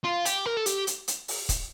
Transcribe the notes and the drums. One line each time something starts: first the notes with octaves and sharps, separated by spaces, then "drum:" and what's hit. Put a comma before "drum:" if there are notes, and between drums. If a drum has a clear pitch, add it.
F4
G4, drum: hi-hat
A#4
A4
G4, drum: hi-hat
drum: hi-hat
drum: hi-hat
drum: open hi-hat
drum: kick, hi-hat